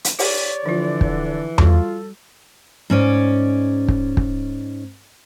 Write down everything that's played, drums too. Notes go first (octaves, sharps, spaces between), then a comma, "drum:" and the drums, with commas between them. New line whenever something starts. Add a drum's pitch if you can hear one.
drum: hi-hat
G4 C#5 D5, drum: open hi-hat
D3 E3 F3 F4
drum: kick
G3 F4 F#4 A4, drum: tom E2
G#2 C#4 D5
drum: kick
drum: kick